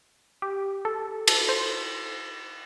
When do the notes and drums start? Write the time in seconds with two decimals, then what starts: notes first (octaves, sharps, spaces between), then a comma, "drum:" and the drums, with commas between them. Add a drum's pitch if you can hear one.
0.42 G4
0.85 A4
1.28 A4, drum: cymbal
1.49 C5